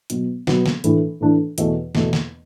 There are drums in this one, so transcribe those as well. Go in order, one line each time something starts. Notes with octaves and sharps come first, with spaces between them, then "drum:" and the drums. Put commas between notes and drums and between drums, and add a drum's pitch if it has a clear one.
B2 F#3 B3, drum: hi-hat
B2 F#3 B3, drum: snare
drum: snare
A2 E3 D4 A4, drum: hi-hat
A2 E3 D4 A4
E2 B2 A3, drum: hi-hat
E2 B2 A3, drum: snare
drum: snare